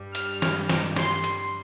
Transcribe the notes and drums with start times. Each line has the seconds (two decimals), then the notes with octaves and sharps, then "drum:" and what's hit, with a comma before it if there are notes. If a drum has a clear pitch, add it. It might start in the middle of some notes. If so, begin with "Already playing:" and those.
Already playing: G2 G3
0.15 F6, drum: hi-hat
0.42 drum: snare
0.69 drum: snare
0.96 C6, drum: snare
1.24 drum: hi-hat